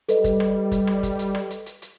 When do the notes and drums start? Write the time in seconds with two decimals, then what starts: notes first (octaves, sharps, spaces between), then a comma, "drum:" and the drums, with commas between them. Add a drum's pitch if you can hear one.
0.09 G3 A4 B4 D#5, drum: hi-hat
0.24 drum: kick, hi-hat
0.40 drum: rim click
0.72 drum: kick, hi-hat
0.87 drum: rim click
1.03 drum: kick, hi-hat
1.19 drum: hi-hat
1.35 drum: rim click
1.50 drum: hi-hat
1.66 drum: hi-hat
1.82 drum: hi-hat